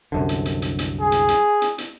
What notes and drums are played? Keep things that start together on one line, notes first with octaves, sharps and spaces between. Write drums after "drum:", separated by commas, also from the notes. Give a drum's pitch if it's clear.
C2 F#2 D3
drum: hi-hat
drum: hi-hat
drum: hi-hat
drum: hi-hat
G#4
drum: hi-hat
drum: hi-hat
drum: hi-hat
drum: hi-hat